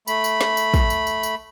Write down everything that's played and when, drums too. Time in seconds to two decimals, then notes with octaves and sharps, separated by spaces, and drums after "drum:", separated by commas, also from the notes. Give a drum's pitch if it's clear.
0.08 A3 B5, drum: tambourine
0.24 drum: tambourine
0.41 drum: snare
0.57 drum: tambourine
0.74 drum: kick, tambourine
0.90 drum: tambourine
1.07 drum: tambourine
1.23 drum: tambourine